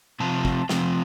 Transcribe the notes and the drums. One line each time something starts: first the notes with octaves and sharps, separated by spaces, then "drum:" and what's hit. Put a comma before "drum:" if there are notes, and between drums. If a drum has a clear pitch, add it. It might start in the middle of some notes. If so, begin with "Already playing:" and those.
C3 F3 C4 F4 A5
drum: kick
C3 F3 C4 F4 G5, drum: snare